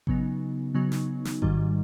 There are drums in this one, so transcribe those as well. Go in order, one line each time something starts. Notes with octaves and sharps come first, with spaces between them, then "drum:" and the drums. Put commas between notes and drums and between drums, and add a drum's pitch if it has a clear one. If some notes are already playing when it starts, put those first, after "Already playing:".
C#3 F#3 B3 D#4, drum: kick A1
C#3 F#3 B3 D#4
drum: snare
drum: snare
G#1 G#2 D#3 G3, drum: kick A1